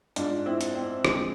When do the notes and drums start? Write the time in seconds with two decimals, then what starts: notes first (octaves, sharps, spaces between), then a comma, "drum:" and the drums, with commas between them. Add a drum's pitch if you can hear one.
0.16 G#2 G#3 D4 F4, drum: hi-hat
0.46 C4 E4
0.61 drum: hi-hat
0.75 C4
1.05 F2 D3 G#3, drum: rim click